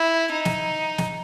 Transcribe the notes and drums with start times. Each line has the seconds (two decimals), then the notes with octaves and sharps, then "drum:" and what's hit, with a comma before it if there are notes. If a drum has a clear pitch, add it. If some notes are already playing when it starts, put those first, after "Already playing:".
Already playing: E4
0.32 D#4
0.45 drum: snare
0.98 drum: snare